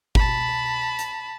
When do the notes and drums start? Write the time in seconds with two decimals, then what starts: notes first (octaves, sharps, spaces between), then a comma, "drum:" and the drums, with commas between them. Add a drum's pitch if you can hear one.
0.15 A5 B5, drum: kick G1
0.99 drum: hi-hat